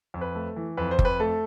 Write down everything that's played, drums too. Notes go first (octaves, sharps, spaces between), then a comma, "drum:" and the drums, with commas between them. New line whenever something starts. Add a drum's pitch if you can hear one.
F2
B4
A3
E3
F2 B4
C5
F2, drum: kick F#1
B4
A3 A4